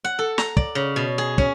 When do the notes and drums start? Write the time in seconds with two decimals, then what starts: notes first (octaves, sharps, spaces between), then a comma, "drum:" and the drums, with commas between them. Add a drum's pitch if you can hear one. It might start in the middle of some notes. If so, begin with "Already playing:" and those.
0.04 F#5
0.19 A4
0.38 A#5, drum: snare
0.57 D5, drum: kick
0.75 C#3
0.96 B2
1.18 G#4
1.38 C#4, drum: kick